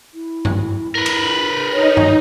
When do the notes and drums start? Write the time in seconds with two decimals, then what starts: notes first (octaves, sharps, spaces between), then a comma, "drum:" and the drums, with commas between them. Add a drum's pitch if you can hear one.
0.14 E4
0.45 drum: tom G2
0.95 A#4 B4
1.06 drum: cymbal
1.74 D#4 C#5
1.97 drum: tom G2